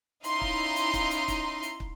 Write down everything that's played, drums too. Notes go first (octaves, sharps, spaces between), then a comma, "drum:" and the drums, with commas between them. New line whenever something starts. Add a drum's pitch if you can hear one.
C#4 D#4 E4 F5 A#5 C6, drum: hi-hat
drum: kick
drum: hi-hat
drum: kick, hi-hat
drum: hi-hat
drum: kick, hi-hat
drum: hi-hat
drum: kick